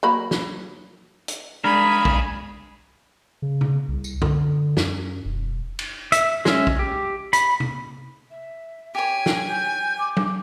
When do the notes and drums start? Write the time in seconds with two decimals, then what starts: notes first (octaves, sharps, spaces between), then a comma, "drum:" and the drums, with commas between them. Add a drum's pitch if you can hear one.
0.03 F#3 A#3 B5
0.31 drum: snare
1.28 drum: hi-hat
1.64 G2 G#3 D4 G#4 A#4 B5
2.05 drum: kick
3.42 C#3
3.61 drum: tom
3.89 C2
4.04 drum: tambourine
4.22 D3, drum: tom
4.77 F#2, drum: snare
5.26 E1
5.79 drum: cymbal
6.12 E5, drum: hi-hat
6.45 G#3 C#4 E5, drum: snare
6.67 drum: kick
6.79 G4
7.33 B5, drum: hi-hat
7.60 drum: tom
8.31 E5
8.95 G4 C#5 G#5
9.26 drum: snare
9.48 G6
9.99 D6
10.17 drum: tom